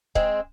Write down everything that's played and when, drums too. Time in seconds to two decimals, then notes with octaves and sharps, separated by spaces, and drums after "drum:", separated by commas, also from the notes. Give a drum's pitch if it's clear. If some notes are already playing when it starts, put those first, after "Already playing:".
0.15 G#3 C4, drum: kick